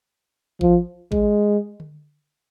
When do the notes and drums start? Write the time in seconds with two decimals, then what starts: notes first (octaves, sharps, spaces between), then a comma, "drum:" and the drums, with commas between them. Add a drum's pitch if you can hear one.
0.61 F3, drum: kick A1
1.12 G#3, drum: kick A1
1.80 drum: tom D3